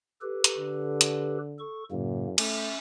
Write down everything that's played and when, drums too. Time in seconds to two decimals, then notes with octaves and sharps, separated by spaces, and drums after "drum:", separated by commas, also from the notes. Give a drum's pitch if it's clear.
0.21 G4 A4 B4
0.44 drum: hi-hat
0.58 D3
1.01 drum: hi-hat
1.59 A4 C#6
1.91 F#2 A2 C#3 A#3
2.38 A3 C#4 E5, drum: cymbal